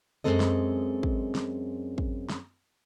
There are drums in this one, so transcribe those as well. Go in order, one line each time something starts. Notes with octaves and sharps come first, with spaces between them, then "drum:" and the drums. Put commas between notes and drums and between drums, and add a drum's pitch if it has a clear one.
F#2 E3 G#3 C4 A4 D#5
drum: snare
drum: kick
drum: snare
drum: kick
drum: snare